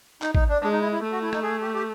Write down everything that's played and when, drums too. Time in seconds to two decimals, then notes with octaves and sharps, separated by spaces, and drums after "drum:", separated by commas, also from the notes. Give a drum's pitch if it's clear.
0.22 D#4, drum: clap
0.35 D#4, drum: kick
0.49 D4
0.62 G#3 D4
0.72 D#4
0.81 E4
0.92 E4
1.02 A3
1.12 F#4
1.22 E4
1.33 D#4, drum: rim click
1.42 G#4
1.62 G4
1.74 G4